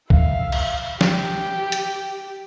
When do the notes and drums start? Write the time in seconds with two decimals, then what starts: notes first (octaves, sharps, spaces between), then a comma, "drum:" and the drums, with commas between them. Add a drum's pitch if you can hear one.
0.10 E5 F5, drum: kick C2
0.52 drum: cymbal
1.01 G4, drum: snare
1.72 drum: hi-hat